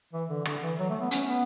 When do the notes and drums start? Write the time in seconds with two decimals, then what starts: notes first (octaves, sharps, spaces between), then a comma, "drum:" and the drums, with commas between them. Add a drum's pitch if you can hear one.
0.13 E3
0.29 D3
0.45 D3, drum: rim click
0.62 E3
0.79 F#3
0.90 A3
1.00 B3
1.11 C#4, drum: hi-hat
1.28 B3